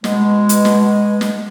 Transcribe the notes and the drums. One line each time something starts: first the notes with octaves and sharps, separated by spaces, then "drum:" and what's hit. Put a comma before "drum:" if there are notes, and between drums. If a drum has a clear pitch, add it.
B2 G#3, drum: snare
drum: hi-hat
drum: snare
drum: snare